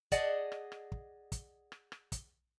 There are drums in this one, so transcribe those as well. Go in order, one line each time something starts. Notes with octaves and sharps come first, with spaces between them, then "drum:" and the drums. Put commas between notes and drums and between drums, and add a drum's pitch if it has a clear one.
G#4 D5 D#5 F#5 A5, drum: kick, hi-hat
drum: rim click
drum: rim click
drum: kick
drum: kick, hi-hat
drum: rim click
drum: rim click
drum: kick, hi-hat